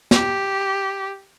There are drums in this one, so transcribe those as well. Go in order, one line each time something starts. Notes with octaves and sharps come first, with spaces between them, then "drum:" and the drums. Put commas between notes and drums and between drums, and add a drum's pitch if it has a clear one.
G4, drum: snare